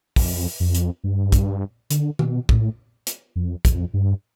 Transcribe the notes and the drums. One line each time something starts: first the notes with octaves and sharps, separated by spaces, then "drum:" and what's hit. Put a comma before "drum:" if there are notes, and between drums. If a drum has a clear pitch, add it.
F2, drum: kick, open hi-hat
F2
drum: hi-hat
G2
drum: kick, hi-hat
D3, drum: hi-hat
B2, drum: tom D#3
A2, drum: kick
drum: hi-hat
F2
F2, drum: kick, hi-hat
G2